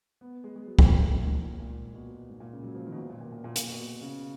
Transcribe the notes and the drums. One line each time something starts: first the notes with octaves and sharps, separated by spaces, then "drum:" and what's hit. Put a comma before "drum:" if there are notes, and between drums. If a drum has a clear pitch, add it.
B3
G#3
G#3
F#3
F3, drum: kick
D#3
G#2
A#2
G#2
A#2
B2
G#2
A#2
C#3
F#3
F3
D#3
B2
A#2
A#2
A#2
A#2
A#2
A#2, drum: hi-hat
B2
C#3